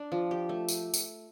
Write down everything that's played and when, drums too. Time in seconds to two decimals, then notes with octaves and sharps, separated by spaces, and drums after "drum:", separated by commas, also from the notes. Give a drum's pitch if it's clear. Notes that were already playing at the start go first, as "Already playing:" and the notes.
Already playing: D4
0.12 F3
0.31 G4
0.49 A3
0.69 drum: tambourine
0.94 drum: tambourine